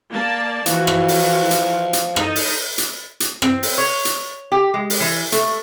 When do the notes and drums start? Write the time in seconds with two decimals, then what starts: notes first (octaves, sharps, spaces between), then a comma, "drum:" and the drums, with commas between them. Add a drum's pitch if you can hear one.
0.11 A#3 D5 A5
0.66 E3 F3 F#4, drum: hi-hat
0.87 drum: rim click
1.08 drum: open hi-hat
1.51 drum: hi-hat
1.93 drum: hi-hat
2.16 D#4 A4, drum: rim click
2.36 drum: open hi-hat
2.78 drum: hi-hat
3.20 drum: hi-hat
3.42 C4, drum: rim click
3.63 drum: open hi-hat
3.78 C#5
4.05 drum: hi-hat
4.52 G4
4.74 G#3
4.90 drum: open hi-hat
5.00 E3
5.32 A3, drum: hi-hat